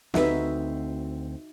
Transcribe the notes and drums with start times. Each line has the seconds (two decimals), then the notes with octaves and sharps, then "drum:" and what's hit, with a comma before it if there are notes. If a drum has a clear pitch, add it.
0.14 D2 C4 D#4 F#4 B4 E5, drum: snare